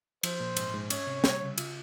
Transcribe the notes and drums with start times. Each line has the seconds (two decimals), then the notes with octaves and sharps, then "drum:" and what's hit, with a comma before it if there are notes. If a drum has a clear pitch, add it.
0.23 F3 C5, drum: cymbal
0.40 A#2
0.57 G#2, drum: cymbal
0.74 G#2
0.90 C#4 C#5, drum: cymbal
1.07 C3
1.24 G3, drum: snare
1.42 C#3
1.58 F4, drum: cymbal